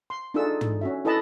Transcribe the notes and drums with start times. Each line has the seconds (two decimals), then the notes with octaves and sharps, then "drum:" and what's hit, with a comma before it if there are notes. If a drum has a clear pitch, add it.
0.10 C6
0.34 D4 D#4 F4 G#4 A4 E6
0.61 drum: tom
0.81 C#4 F#4 E5
1.05 E4 A4 B4 D#5 A5 B5